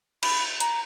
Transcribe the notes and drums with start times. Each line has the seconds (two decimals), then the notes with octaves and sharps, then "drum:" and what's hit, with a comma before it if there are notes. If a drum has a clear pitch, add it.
0.23 B5, drum: cymbal
0.60 A#5, drum: hi-hat